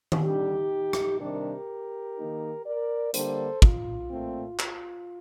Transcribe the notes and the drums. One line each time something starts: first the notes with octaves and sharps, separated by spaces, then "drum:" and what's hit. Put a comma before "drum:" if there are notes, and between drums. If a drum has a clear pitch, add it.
drum: tom D#3
D3 G3 D4 D#4 G4
drum: rim click
C3 D#3 G3 D4 G4 A#4
D#3 A#3 D#4
A#4 D5
D3 G3 A#3 D4 A4 C5, drum: hi-hat
F4, drum: kick
A#2 A3 C4
F4, drum: clap